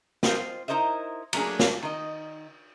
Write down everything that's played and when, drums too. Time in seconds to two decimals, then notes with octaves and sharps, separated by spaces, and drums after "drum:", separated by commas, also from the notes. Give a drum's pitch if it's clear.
0.23 C4 F4 C5 D#5, drum: snare
0.68 D#4 E4 A#4 C5 D#5 E5
1.33 F#3 A3 A#3 C#4 D4 G#4, drum: cymbal
1.59 drum: snare
1.83 D#3 D#5